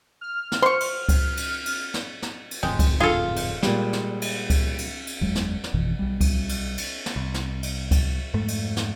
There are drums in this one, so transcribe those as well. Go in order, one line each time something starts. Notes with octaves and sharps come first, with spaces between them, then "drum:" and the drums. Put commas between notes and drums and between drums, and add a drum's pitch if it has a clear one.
F6
drum: snare
C5 C6 C#6
drum: cymbal
drum: kick C#2, cymbal
drum: cymbal
drum: cymbal
drum: snare
drum: snare
drum: cymbal
D1 F2 G#2 G#3 G5
drum: kick C#2, cymbal
F4 G#4 A4
drum: cymbal
A#2 G3 G#3, drum: snare
drum: snare
drum: cymbal
drum: kick C#2, cymbal
drum: cymbal
drum: cymbal
F#1 E2 F#3 G#3
drum: snare
drum: snare
G#1 F2 B2 E3
B1 G3
drum: kick C#2, cymbal
drum: cymbal
drum: cymbal
drum: snare
C2
drum: snare
drum: cymbal
drum: kick C#2, cymbal
F2 G#2 A3
drum: cymbal
drum: snare